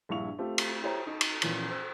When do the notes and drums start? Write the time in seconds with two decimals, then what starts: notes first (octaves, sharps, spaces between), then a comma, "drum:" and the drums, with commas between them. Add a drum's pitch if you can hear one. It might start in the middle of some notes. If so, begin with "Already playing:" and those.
0.09 A#1 G2 E4 F5 C#6 F7
0.38 A3 C4 F4 G4 A4
0.58 drum: cymbal
0.82 E4 G4 C5 C#5 G5 A#5
1.07 D#4
1.21 drum: cymbal
1.42 A#2 E3 F3 A#3 B3 C#4, drum: cymbal
1.69 C5 E6 F#6